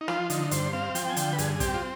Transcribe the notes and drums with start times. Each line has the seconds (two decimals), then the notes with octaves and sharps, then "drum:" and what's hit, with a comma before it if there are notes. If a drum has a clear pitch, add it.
0.01 D#4
0.08 F3 F4, drum: rim click
0.30 D3 D#4, drum: hi-hat
0.51 G2 C5, drum: hi-hat
0.73 C4 F5
0.95 F3 G5, drum: hi-hat
1.10 G#5
1.16 D3 G5, drum: hi-hat
1.33 B4
1.38 G2 G#4, drum: hi-hat
1.56 G#4
1.60 C4 G4, drum: kick, hi-hat
1.74 F4